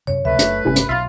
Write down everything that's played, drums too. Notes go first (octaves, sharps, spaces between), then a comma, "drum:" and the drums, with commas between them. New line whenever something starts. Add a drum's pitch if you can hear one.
F#2 C3 C#5
C#2 C3 F3 A3 B4 E5
F#1, drum: hi-hat
G1 A2 C3 C#4
drum: hi-hat
B1 F4 E5 B5